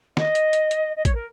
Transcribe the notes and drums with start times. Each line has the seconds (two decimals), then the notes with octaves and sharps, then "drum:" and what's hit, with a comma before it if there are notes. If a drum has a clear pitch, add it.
0.17 D#5, drum: snare
0.35 drum: hi-hat
0.53 drum: hi-hat
0.71 drum: hi-hat
0.96 D#5
1.05 C#5, drum: kick A1, hi-hat
1.15 A#4